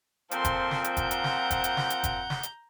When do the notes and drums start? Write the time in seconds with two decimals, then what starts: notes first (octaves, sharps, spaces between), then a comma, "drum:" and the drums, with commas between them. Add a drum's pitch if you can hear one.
0.31 A#2 F3 C4 A4 C6, drum: hi-hat
0.45 drum: kick F1, hi-hat
0.71 drum: snare
0.84 drum: hi-hat
0.97 F#5 A#5 G6, drum: kick F1, hi-hat
1.11 drum: hi-hat
1.24 drum: snare
1.51 drum: kick F1, hi-hat
1.64 drum: hi-hat
1.77 drum: snare
1.90 drum: hi-hat
2.04 drum: kick F1, hi-hat
2.30 drum: snare
2.43 drum: hi-hat